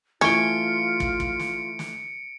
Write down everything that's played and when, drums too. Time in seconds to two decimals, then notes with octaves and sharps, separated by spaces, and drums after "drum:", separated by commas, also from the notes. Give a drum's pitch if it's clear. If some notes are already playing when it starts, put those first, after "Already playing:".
0.21 E3 A3 C#4 F4 C#7 D7 G7, drum: snare
1.00 drum: kick
1.20 drum: kick
1.40 drum: snare
1.79 drum: snare